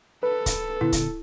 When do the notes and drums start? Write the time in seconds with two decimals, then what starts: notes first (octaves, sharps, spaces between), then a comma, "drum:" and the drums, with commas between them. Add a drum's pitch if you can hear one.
0.23 A4 B4
0.46 drum: kick C#1, hi-hat
0.81 A#2 D3 B3 E4
0.92 drum: kick C#1, hi-hat